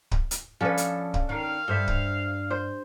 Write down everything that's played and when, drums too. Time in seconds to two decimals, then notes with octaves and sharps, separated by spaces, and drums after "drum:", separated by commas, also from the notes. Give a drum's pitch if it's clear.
0.11 drum: kick
0.31 drum: hi-hat
0.61 F3 C#4 D4 A4 B4
0.77 drum: hi-hat
1.14 drum: kick
1.29 D#3 F5
1.68 G2 A4 C5 E5
1.87 drum: kick
2.50 C5